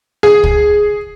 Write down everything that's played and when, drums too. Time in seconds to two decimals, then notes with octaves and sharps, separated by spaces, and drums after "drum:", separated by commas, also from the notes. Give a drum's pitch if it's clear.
0.23 G#4
0.44 drum: kick